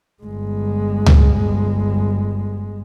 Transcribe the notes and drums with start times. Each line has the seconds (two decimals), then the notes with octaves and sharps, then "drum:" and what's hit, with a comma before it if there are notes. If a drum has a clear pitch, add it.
0.23 G1 G#3
1.06 drum: tom C#2